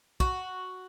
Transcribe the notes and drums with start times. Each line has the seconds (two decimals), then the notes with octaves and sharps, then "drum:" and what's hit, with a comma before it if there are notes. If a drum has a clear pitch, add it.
0.20 F#4, drum: kick